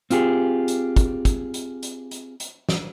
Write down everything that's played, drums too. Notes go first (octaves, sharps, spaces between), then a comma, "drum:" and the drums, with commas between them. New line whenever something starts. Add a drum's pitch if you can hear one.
C4 F4 G4 G#4, drum: hi-hat
drum: hi-hat
drum: kick, hi-hat
drum: kick, hi-hat
drum: hi-hat
drum: hi-hat
drum: hi-hat
drum: hi-hat
drum: snare